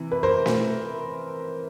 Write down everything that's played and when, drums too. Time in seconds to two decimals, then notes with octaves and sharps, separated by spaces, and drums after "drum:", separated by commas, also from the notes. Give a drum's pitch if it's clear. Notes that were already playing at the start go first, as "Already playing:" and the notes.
Already playing: C3 E3
0.12 B4
0.23 A#4 C5
0.46 drum: snare